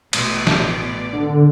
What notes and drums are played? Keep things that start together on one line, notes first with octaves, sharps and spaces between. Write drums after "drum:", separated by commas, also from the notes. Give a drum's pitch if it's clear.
A1 B2 D5, drum: cymbal
drum: snare
D3